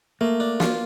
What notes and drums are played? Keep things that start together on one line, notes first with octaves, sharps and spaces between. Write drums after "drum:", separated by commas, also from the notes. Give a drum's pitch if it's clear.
A3 A#3
D4
F4, drum: snare